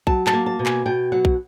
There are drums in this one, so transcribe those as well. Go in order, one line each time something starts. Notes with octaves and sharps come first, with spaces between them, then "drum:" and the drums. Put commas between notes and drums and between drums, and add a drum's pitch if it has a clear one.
F#3 A5, drum: kick B1
A5, drum: clap
A#3
A5
B2
G#5, drum: clap
B2 G5
F#3 F#5
drum: kick B1